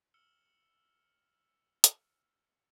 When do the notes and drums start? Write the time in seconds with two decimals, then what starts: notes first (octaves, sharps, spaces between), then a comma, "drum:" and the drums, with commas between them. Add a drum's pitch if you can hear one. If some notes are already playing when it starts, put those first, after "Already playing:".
0.14 E6 F6 C#7 E7 G7
1.84 drum: hi-hat